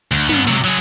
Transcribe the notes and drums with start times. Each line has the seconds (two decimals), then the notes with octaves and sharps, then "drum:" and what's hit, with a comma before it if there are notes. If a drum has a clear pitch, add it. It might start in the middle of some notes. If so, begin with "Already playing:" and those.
0.12 D2
0.29 G2 B3, drum: tom
0.48 C3 F#3
0.64 F#3 G#4